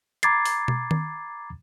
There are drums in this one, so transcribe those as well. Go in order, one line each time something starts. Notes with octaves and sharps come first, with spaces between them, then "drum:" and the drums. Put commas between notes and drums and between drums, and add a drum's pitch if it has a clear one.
A#5 B5 D6 G#6 A6 C7, drum: hi-hat
drum: open hi-hat
drum: tom
drum: tom D#3